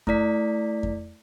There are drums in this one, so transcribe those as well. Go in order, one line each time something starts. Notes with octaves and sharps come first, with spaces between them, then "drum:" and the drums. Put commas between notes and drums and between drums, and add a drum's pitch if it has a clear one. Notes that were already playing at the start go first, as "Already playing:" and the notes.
A3 E4 D5 B6, drum: kick F2
drum: kick F2